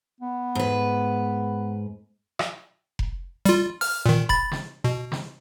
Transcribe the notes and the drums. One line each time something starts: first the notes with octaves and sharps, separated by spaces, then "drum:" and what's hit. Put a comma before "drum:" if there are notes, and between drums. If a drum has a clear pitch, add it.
B3
G#2 B4
drum: rim click
drum: kick F1
G3 F4, drum: hi-hat
F6, drum: open hi-hat
A#2 D#3
B5 A6, drum: kick F1
drum: snare
B2
drum: snare